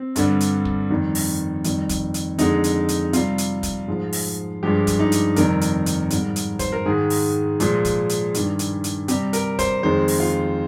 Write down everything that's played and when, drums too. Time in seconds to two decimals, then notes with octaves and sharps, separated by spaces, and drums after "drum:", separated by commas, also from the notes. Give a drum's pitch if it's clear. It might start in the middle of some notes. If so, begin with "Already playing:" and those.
Already playing: C4
0.16 G2 D3 G3, drum: hi-hat
0.40 drum: hi-hat
0.65 drum: kick
0.90 F2 D#3 G3
1.15 drum: open hi-hat
1.64 F2 D#3 G3, drum: hi-hat
1.89 drum: kick, hi-hat
2.14 drum: hi-hat
2.38 F2 D3 G#3 D#4, drum: hi-hat
2.64 drum: hi-hat
2.89 drum: hi-hat
3.13 C3 G3 F4, drum: hi-hat
3.38 drum: hi-hat
3.63 drum: kick, hi-hat
3.88 G#2 F3 G#3
4.13 drum: open hi-hat
4.63 G2 F3 G#3 G4
4.87 drum: kick, hi-hat
4.99 D#4
5.12 drum: hi-hat
5.36 F2 C3 D#3 G3 A#4, drum: hi-hat
5.61 drum: hi-hat
5.86 drum: hi-hat
6.10 G#2 G3, drum: hi-hat
6.36 drum: hi-hat
6.59 C5, drum: kick, hi-hat
6.72 A#4
6.85 G#2 D#3 G#3 G#4
7.10 drum: open hi-hat
7.60 A#2 F3 G#3, drum: hi-hat
7.85 drum: kick, hi-hat
8.09 drum: hi-hat
8.34 G2 D#3 G3, drum: hi-hat
8.59 drum: hi-hat
8.84 drum: hi-hat
9.08 C3 G3 G4, drum: hi-hat
9.33 A#4, drum: hi-hat
9.59 C5, drum: kick, hi-hat
9.83 F2 D#3 G#3 C5
10.08 drum: open hi-hat
10.20 F4